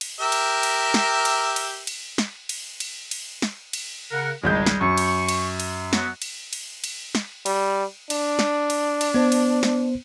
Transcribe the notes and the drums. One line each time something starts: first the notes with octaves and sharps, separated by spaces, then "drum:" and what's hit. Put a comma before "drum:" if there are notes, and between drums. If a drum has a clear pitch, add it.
drum: cymbal
G4 A#4 E5
drum: cymbal
drum: cymbal
drum: snare
drum: cymbal
drum: cymbal
drum: cymbal
drum: snare
drum: cymbal
drum: cymbal
drum: cymbal
drum: snare
drum: cymbal
C#3 A#4 F#5
G#1 C#2 G3 G#3 G6
drum: snare
F#2 C#6
drum: cymbal
drum: cymbal
drum: cymbal
F#3 B3 F#4, drum: snare
drum: cymbal
drum: cymbal
drum: cymbal
drum: snare
G3, drum: cymbal
D4, drum: cymbal
drum: snare
drum: cymbal
drum: cymbal
B3 C5
drum: cymbal
drum: snare